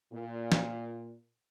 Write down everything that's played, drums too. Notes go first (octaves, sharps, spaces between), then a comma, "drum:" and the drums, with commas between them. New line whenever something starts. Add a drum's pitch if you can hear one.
A#2
drum: snare